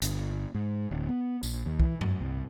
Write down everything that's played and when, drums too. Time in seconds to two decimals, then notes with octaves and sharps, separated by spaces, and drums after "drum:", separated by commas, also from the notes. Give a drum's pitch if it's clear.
0.02 G1, drum: hi-hat
0.54 G#2
0.91 D1
1.09 B3
1.43 A#1, drum: tambourine
1.66 D#2
1.80 E3, drum: kick C2
2.01 F#2, drum: tom G2
2.21 C2